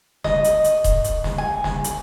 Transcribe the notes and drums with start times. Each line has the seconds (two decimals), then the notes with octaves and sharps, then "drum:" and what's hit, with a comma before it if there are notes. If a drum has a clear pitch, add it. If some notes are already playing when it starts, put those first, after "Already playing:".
0.24 D#5, drum: snare
0.44 drum: hi-hat
0.64 drum: hi-hat
0.84 drum: kick D#1, hi-hat
1.04 drum: hi-hat
1.24 drum: snare
1.38 G#5
1.64 drum: snare
1.84 drum: hi-hat